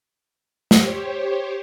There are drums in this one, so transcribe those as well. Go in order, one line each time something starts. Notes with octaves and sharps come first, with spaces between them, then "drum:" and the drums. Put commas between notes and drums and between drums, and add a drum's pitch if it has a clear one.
G4 C5 C#5, drum: snare